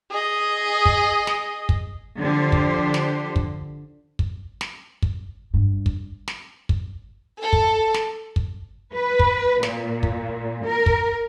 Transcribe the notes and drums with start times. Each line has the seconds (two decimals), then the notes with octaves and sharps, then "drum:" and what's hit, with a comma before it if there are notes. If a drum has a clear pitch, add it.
0.11 G#4 D#5
0.85 drum: kick
1.27 drum: snare
1.69 drum: kick
2.19 D3 F3 G4 C5
2.52 drum: kick
2.94 drum: snare
3.36 drum: kick
4.19 drum: kick
4.61 drum: snare
5.02 drum: kick
5.54 G2
5.86 drum: kick
6.28 drum: snare
6.69 drum: kick
7.41 A4
7.53 drum: kick
7.94 drum: snare
8.36 drum: kick
8.95 B4
9.19 drum: kick
9.63 A#2, drum: snare
10.03 drum: kick
10.65 A#4
10.86 drum: kick